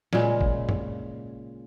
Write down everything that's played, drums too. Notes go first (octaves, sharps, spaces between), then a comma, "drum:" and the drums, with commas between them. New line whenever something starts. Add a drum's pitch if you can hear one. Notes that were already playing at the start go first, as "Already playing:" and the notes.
A#2 C#3 G#3, drum: snare
drum: kick G#1
drum: tom F#2